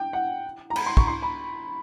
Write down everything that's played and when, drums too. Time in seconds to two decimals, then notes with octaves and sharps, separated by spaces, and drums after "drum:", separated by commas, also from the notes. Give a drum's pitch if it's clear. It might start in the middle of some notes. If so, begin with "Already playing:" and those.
Already playing: G5
0.13 F#5
0.70 A#5
0.76 B5, drum: cymbal
0.86 C6
0.97 C#6, drum: kick
1.07 C6
1.22 B5